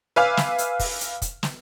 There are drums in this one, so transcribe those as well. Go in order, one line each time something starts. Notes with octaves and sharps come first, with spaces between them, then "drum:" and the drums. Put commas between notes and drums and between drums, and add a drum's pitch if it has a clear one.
B4 E5 F5 G#5 D6 F6
drum: snare
drum: hi-hat
drum: kick, open hi-hat
drum: hi-hat
drum: kick, hi-hat
drum: snare